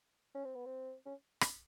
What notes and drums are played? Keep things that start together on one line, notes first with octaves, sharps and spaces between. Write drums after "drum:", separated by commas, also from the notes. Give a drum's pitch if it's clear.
C#4
C4
B3
C4
C#4
drum: rim click